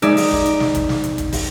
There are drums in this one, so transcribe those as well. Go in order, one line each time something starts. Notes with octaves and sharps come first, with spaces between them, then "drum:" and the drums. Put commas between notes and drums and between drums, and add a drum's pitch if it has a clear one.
G#3 D#4 D5 E5, drum: hi-hat
drum: open hi-hat
drum: kick
drum: hi-hat
drum: snare
drum: kick, hi-hat
drum: snare
drum: hi-hat
drum: kick, hi-hat
drum: kick, open hi-hat